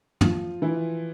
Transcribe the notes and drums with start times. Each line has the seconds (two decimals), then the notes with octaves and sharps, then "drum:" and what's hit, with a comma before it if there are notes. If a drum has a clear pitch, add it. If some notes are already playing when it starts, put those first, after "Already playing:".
0.21 F3 F4, drum: tom
0.62 E3 E4